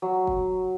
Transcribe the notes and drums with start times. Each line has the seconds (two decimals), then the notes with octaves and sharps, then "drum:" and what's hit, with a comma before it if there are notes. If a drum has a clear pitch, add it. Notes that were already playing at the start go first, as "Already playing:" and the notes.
0.02 F#3
0.27 drum: kick